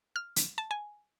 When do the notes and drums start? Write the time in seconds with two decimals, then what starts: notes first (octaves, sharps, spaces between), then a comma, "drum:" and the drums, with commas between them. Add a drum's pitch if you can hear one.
0.16 F6
0.36 drum: hi-hat
0.58 A5
0.71 G#5